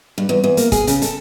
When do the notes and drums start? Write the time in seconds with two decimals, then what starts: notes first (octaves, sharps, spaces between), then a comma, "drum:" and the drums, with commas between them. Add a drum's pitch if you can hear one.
0.18 G2
0.29 E2
0.44 E2
0.57 A#3, drum: hi-hat
0.72 G#4, drum: kick, hi-hat
0.87 C#3, drum: hi-hat
1.02 A4, drum: hi-hat